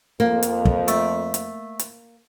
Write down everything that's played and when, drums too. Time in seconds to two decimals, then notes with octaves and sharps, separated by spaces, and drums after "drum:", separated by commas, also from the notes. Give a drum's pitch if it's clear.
0.20 F2 A#3
0.43 drum: hi-hat
0.65 drum: kick
0.88 A3, drum: hi-hat
1.34 drum: hi-hat
1.79 drum: hi-hat